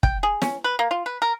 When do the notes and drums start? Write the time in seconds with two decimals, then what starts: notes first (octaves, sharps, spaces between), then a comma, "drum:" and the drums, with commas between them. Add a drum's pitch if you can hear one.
0.03 G5, drum: kick
0.23 G#4
0.42 C#4, drum: snare
0.64 B4
0.79 A#3
0.91 F4
1.06 B4
1.22 A#4